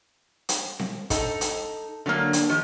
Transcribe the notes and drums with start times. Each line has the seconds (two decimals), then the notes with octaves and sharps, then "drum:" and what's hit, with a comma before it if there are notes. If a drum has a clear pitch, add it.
0.49 drum: hi-hat
0.79 drum: snare C4
1.10 D#4 A4, drum: kick, hi-hat
1.41 drum: hi-hat
2.06 D3 F#3 G#3 A#3
2.33 drum: hi-hat
2.49 D#3 F3 G4